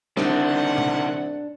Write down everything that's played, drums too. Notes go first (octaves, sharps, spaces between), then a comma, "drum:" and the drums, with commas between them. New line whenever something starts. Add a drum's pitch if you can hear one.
C2 D3 D#3 D4 F#5, drum: snare
drum: tom B2